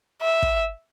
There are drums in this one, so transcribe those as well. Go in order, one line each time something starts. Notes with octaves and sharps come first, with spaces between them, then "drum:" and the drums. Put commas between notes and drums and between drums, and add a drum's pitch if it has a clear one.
E5
drum: kick